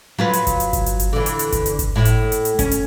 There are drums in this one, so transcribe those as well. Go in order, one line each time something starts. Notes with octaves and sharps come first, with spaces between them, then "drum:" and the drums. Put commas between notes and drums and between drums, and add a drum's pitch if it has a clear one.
F#3 F4 B4
drum: hi-hat
drum: kick G1, hi-hat
drum: hi-hat
drum: kick G1, hi-hat
drum: hi-hat
drum: hi-hat
D3 E3
drum: hi-hat
drum: hi-hat
drum: kick G1, hi-hat
drum: hi-hat
drum: kick G1, hi-hat
A2
drum: hi-hat
drum: hi-hat
drum: hi-hat
C#4, drum: kick G1, hi-hat
drum: hi-hat